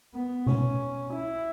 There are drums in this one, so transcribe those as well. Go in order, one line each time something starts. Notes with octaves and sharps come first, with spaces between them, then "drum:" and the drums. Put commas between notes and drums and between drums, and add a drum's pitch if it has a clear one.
B3
C#4, drum: tom B2
E4